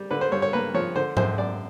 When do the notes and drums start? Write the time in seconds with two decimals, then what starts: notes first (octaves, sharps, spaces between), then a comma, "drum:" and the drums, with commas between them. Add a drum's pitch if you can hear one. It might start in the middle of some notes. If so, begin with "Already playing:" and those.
Already playing: G3
0.11 D3 B4
0.21 C5
0.32 G2 C#5
0.42 C#5
0.53 A#3 B4
0.74 F3 C#5
0.96 D3 C5
1.17 F#2 C5, drum: tom G#2
1.38 F#2 D5